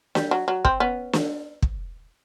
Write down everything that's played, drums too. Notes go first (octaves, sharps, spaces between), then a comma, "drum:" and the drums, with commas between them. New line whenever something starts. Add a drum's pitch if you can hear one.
G3, drum: snare
F#3
F#3
C4, drum: kick
B3 C#4
drum: snare
drum: kick